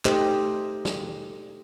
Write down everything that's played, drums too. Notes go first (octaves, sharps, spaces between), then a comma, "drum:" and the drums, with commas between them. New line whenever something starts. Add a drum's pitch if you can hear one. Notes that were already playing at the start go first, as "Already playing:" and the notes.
A3 D#4 G4 A4 C5 D#5, drum: clap
drum: snare